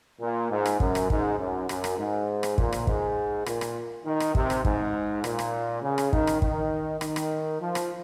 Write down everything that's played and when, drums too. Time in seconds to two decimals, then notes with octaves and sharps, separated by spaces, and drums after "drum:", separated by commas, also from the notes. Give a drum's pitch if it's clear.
0.21 A#2
0.51 G#2
0.65 drum: rim click
0.80 F#2, drum: kick
0.95 drum: rim click
1.10 G#2, drum: kick
1.39 F#2
1.69 F#2, drum: rim click
1.84 drum: rim click
1.98 G#2
2.43 drum: rim click
2.58 A#2, drum: kick
2.72 drum: rim click
2.87 G#2, drum: kick
3.46 A#2, drum: rim click
3.61 drum: rim click
4.05 D#3
4.20 drum: rim click
4.35 C3, drum: kick
4.50 drum: rim click
4.65 G#2, drum: kick
5.24 A#2, drum: rim click
5.39 drum: rim click
5.83 C#3
5.98 drum: rim click
6.13 D#3, drum: kick
6.27 drum: rim click
6.42 D#3, drum: kick
7.01 D#3, drum: rim click
7.16 drum: rim click
7.60 F3
7.75 drum: rim click